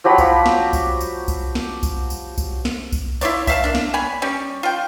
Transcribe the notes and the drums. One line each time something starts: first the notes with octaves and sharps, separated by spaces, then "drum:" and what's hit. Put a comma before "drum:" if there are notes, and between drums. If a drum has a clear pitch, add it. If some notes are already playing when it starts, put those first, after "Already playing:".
F3 F#3 G4 B5
drum: kick B1, tambourine
drum: snare
drum: kick B1, tambourine
drum: tambourine
drum: kick B1, tambourine
drum: snare
drum: kick B1, tambourine
drum: tambourine
drum: kick B1, tambourine
drum: snare
drum: kick B1, tambourine
E4 F4 C#5 D5, drum: tambourine
E5 F5 A5, drum: kick B1, tambourine
A#3 D4
drum: snare
C#5 G#5 B5
G3 C#4
F4 G5